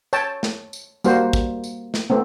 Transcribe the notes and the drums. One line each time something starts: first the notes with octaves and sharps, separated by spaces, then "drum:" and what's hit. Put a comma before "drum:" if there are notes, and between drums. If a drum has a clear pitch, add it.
C#5 G5 A5, drum: tambourine
drum: snare
drum: tambourine
G3 A#3 F#4 C5, drum: tambourine
drum: kick, tambourine
drum: tambourine
drum: snare
A3 B3 C4